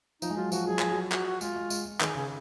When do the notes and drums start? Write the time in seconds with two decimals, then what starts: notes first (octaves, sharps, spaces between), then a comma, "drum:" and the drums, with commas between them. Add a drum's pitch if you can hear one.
0.22 F3 D#4, drum: tambourine
0.30 G#3
0.37 F#3 F4
0.52 F3 F#4, drum: tambourine
0.67 F#3 G#4
0.79 F3, drum: clap
0.91 F#3
1.12 F#4, drum: clap
1.26 F#4
1.41 G#3 F4, drum: tambourine
1.56 G#3
1.70 G#3, drum: tambourine
1.85 G#3
2.00 D#3 G#4, drum: clap
2.15 C#3 G#4